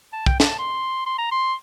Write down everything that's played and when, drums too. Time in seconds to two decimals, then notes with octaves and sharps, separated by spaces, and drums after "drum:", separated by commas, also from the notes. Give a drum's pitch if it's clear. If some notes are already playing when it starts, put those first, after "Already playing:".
0.13 A5
0.26 G5, drum: kick
0.40 A5, drum: snare
0.59 C6
1.06 C6
1.18 A#5
1.31 C6